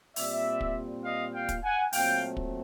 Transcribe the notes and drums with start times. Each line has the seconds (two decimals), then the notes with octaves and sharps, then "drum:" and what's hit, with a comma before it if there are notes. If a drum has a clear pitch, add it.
0.16 A#2 G3 C4 D5 E5, drum: open hi-hat
0.61 drum: kick
1.05 D#5 F5
1.34 F5 G5
1.49 drum: kick, hi-hat
1.63 F#5 G#5
1.93 A#2 F#3 A3 C4 F5 G5, drum: open hi-hat
2.37 drum: kick